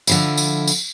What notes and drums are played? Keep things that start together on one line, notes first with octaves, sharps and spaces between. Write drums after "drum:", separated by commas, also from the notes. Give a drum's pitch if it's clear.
D3 F3 E4, drum: tambourine
drum: tambourine
drum: tambourine